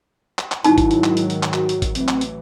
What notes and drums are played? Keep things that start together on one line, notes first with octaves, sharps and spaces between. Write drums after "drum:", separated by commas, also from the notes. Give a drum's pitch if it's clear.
drum: clap
drum: clap
G#2 D#3 F#3 D#4 E4 A5, drum: hi-hat
drum: kick G#1, hi-hat
drum: hi-hat
drum: clap
drum: hi-hat
drum: hi-hat
drum: clap
F#4, drum: clap
drum: hi-hat
drum: kick G#1, hi-hat
A1 E3 F#3 C4, drum: hi-hat
drum: clap
drum: hi-hat